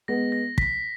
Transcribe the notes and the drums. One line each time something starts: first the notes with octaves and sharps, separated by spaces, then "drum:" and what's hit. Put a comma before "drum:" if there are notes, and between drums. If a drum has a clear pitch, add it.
G#3 B3 A#6
A#6
B6, drum: kick